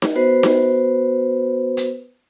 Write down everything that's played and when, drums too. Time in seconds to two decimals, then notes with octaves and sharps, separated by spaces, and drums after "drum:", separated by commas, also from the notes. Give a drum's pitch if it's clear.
0.02 drum: snare D#4
0.15 B3 F#4 B4 C5
0.43 drum: snare D#4
1.77 drum: hi-hat